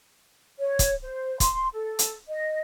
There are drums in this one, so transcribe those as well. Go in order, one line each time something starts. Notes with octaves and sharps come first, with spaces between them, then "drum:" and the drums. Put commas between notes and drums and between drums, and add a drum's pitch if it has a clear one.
C#5
drum: kick, hi-hat
C5
C6, drum: kick, hi-hat
A4
drum: hi-hat
D#5